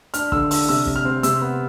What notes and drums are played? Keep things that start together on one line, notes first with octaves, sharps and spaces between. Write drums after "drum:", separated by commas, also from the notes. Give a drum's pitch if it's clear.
D4 F6, drum: hi-hat
D3 E6, drum: kick
D4 E6, drum: open hi-hat
C3 E6
C3, drum: kick
F6
C4
C3 E6, drum: hi-hat
B3